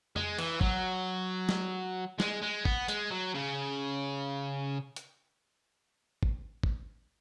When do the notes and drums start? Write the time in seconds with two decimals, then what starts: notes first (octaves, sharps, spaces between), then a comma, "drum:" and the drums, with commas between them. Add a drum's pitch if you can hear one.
0.16 G#3, drum: tom F2
0.39 E3, drum: cymbal
0.61 F#3, drum: kick G#1
1.49 drum: snare
2.20 G#3, drum: snare
2.43 G#3
2.65 B3, drum: kick G#1
2.88 G#3, drum: hi-hat
3.11 F#3
3.34 C#3
4.96 drum: hi-hat
6.23 drum: kick G#1
6.63 drum: kick G#1